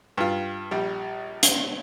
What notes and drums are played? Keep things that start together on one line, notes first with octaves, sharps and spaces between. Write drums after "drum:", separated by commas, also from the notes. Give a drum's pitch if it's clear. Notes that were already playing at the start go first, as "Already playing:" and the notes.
G2 F4
A#1 G3
drum: hi-hat